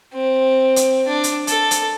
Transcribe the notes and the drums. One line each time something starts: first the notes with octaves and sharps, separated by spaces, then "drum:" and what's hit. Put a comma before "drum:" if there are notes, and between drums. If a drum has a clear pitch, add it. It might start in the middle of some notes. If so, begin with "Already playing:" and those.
C4
drum: hi-hat
D4
drum: hi-hat
A4, drum: hi-hat
drum: hi-hat